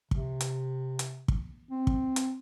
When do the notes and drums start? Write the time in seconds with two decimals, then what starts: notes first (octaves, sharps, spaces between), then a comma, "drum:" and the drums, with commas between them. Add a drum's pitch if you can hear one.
0.11 C3, drum: kick
0.41 drum: hi-hat
0.99 drum: hi-hat
1.28 drum: kick
1.71 C4
1.87 drum: kick
2.16 drum: hi-hat